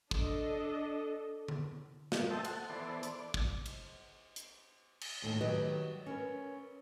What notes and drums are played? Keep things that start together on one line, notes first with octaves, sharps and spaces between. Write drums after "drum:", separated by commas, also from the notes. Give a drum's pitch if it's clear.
D4 A4 D#5, drum: kick
drum: tom D3
drum: snare
A4 C5 D#5 E5 G5 A5
A4 F#5, drum: cymbal
E3 B3 A4 C5 D5
D5, drum: hi-hat
drum: kick
drum: cymbal
drum: hi-hat
drum: cymbal
D#2 A2 D#4 A5
D#3 F#3 G3 G4 B4 D#5
C#4 A#4 B4